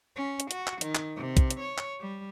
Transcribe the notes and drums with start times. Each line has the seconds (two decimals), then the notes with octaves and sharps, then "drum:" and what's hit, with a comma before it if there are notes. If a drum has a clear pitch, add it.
0.16 C#4
0.40 drum: hi-hat
0.51 F#4, drum: hi-hat
0.67 drum: clap
0.81 D#3, drum: hi-hat
0.95 drum: clap
1.16 C3
1.37 drum: kick, hi-hat
1.50 drum: hi-hat
1.60 C#5
1.78 drum: clap
2.00 G3